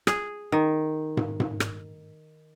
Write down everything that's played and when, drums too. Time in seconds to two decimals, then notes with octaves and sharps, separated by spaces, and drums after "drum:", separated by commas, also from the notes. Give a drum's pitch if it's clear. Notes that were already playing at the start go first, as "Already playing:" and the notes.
0.07 G#4, drum: rim click
0.52 D#3
1.17 drum: tom
1.40 drum: tom
1.60 drum: rim click